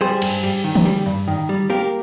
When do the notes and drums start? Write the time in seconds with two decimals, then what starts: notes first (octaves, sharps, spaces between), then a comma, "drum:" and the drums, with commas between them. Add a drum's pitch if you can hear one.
0.01 G3 G#4 C5
0.22 G2, drum: cymbal
0.43 G3
0.64 D#3
0.75 drum: tom
0.85 G3
1.06 G2
1.28 D#3
1.49 G3
1.70 A#3 G4 A#4